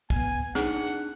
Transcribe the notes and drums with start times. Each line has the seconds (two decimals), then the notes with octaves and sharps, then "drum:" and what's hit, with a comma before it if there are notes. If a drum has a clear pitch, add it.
0.10 B3 G#5, drum: kick
0.55 D4 D#4 G#4 F#5, drum: snare
0.86 drum: hi-hat